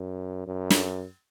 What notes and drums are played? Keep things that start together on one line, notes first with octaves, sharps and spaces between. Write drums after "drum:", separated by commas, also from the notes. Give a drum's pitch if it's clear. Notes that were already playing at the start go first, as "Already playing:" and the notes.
Already playing: F#2
F#2
drum: snare